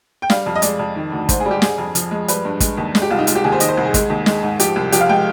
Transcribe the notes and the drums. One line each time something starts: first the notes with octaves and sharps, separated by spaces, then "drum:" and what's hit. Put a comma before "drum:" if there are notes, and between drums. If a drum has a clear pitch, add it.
G5
G3 F5, drum: snare
F2
D#5
G#3 D5, drum: hi-hat
F2
D#3
D2
G#2 C5, drum: kick, hi-hat
G#4
G3
G4
G3 G#4, drum: snare
F2
F3, drum: hi-hat
G#3
G3 B4, drum: hi-hat
G2
G#3, drum: kick, hi-hat
D#2
G#3, drum: snare
G4
C2 F4
D#4
G#3 F4, drum: hi-hat
G4
D#2 G#4
C5
D#3 D#5, drum: hi-hat
C5
C2
G#4
G#3, drum: kick, hi-hat
D#2
G#3, drum: snare
G#2
F3 G4, drum: hi-hat
C2
F3 G4, drum: hi-hat
F5
G#3 G5